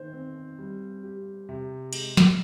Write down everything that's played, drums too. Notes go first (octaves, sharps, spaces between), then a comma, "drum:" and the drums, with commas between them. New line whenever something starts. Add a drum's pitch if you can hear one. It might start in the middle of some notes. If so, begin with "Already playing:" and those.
Already playing: D#3 C5
C4
G3
G4
C3
G#3, drum: cymbal
drum: snare